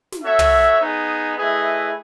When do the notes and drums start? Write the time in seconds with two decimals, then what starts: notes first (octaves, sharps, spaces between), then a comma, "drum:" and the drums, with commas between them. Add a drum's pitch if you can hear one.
0.12 drum: snare
0.22 F#4 A4 C#5 E5
0.39 drum: tom
0.79 B3 D#4 G#4
1.36 A3 E4 G#4 B4 D#5